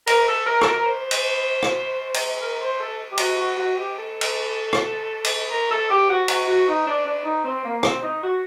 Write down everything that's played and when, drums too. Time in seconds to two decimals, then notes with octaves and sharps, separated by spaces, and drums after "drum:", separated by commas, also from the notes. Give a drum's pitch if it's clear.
0.07 A#4, drum: cymbal
0.27 A4
0.46 A#4
0.61 A4, drum: rim click
0.66 A#4
0.85 C5
1.11 drum: cymbal
1.63 drum: rim click
2.14 drum: cymbal
2.40 A#4
2.60 C5
2.79 A4
3.11 G4
3.18 F#4, drum: cymbal
3.37 F#4
3.56 F#4
3.76 G4
3.95 A4
4.21 drum: cymbal
4.73 drum: rim click
5.25 drum: cymbal
5.50 A#4
5.70 A4
5.89 G4
6.09 F#4
6.28 F#4, drum: cymbal
6.47 F#4
6.67 D#4
6.86 D4
7.05 D4
7.24 D#4
7.44 C4
7.63 A#3
7.83 C4, drum: rim click
8.02 D#4
8.22 F#4